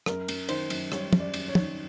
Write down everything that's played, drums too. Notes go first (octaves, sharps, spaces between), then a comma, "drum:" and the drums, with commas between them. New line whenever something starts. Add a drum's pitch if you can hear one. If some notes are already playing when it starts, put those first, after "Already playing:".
F#2 A#4, drum: rim click
F#2, drum: cymbal
D#3 C5, drum: cymbal
F#2, drum: cymbal
G3 C#5, drum: rim click
F#2, drum: tom
D5
F#2, drum: cymbal
C#5
D#3, drum: tom